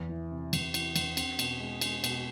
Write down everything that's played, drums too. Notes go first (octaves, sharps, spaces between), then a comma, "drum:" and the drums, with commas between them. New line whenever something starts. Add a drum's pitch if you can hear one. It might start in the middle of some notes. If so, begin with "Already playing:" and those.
Already playing: E2
E3
C3
E2, drum: cymbal
E3, drum: cymbal
E2, drum: cymbal
C4, drum: cymbal
B2, drum: cymbal
G#3
G#3, drum: cymbal
B2, drum: cymbal